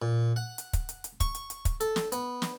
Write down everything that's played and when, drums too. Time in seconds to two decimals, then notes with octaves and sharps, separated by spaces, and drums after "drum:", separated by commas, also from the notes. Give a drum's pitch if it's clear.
0.02 A#2
0.36 F#5
0.58 drum: hi-hat
0.73 drum: kick, hi-hat
0.89 drum: hi-hat
1.04 drum: hi-hat
1.20 C#6, drum: kick, hi-hat
1.35 drum: hi-hat
1.50 drum: hi-hat
1.65 drum: kick, hi-hat
1.81 A4, drum: hi-hat
1.96 drum: snare
2.12 B3, drum: hi-hat
2.42 drum: snare